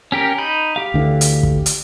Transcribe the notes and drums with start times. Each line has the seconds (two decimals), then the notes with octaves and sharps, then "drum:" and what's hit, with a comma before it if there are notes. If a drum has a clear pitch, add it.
0.12 C#4 G4 A#4
0.38 D#4 B5 G6
0.76 G4 F5
0.94 D2 D3 E3
1.21 drum: hi-hat
1.43 drum: kick
1.66 drum: hi-hat